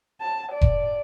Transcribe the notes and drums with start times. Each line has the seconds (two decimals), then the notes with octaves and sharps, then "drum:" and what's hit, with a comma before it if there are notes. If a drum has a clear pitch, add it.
0.21 A5
0.52 D5
0.61 drum: kick F1